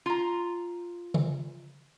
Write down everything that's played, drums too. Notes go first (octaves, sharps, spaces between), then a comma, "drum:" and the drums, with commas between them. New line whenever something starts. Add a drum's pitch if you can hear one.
F4 A#5
drum: tom C#3